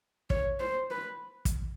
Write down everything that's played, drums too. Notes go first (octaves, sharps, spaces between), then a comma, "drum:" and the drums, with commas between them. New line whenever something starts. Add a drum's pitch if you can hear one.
C#5, drum: kick
C5
B4
drum: kick, hi-hat